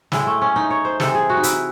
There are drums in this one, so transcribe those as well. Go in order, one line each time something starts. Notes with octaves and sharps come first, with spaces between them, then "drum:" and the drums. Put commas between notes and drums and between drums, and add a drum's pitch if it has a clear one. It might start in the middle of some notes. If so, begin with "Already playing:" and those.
A2 G#3 E4, drum: snare
A3
C#4
D#4
C#5
C5
C3 E3 G#3 A4, drum: snare
G#4
F#4
D#4
E4, drum: hi-hat